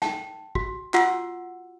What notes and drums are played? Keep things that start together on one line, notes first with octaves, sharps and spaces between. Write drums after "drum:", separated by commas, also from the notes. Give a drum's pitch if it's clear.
G5 A5, drum: snare
F#4, drum: kick
F4 F#4 F#5 E6, drum: clap